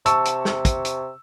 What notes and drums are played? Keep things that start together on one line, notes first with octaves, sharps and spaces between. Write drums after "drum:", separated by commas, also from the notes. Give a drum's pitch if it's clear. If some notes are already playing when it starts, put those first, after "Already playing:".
C3 A5 C#6 E6, drum: hi-hat
drum: hi-hat
drum: snare
drum: kick, hi-hat
drum: hi-hat